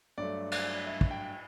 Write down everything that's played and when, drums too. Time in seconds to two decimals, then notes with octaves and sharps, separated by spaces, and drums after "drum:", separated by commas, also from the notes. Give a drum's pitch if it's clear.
0.18 G2 F#3 A3 D5
0.51 D5, drum: cymbal
0.87 E5
1.01 drum: kick
1.11 G5